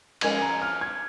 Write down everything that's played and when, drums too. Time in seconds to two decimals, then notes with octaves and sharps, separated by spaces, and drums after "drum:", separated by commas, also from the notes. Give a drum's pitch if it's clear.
0.21 F3 G#3 C#4 A#4 D#5 G#6, drum: cymbal
0.42 A#5
0.62 F6
0.81 G#6